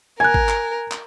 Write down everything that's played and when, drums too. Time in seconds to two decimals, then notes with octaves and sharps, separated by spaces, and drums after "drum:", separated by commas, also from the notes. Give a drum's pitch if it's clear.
0.20 A#4 G#5 F#6 G#6
0.34 drum: kick G#1
0.49 drum: clap
0.91 drum: clap